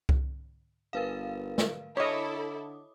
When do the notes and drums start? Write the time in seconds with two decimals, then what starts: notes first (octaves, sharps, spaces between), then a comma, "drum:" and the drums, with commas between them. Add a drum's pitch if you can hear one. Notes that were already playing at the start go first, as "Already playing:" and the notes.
0.09 drum: kick C2
0.93 G1 A#4 B4 F5
1.58 drum: snare
1.97 D3 E4 A4 C#5 D#5 D6 D#6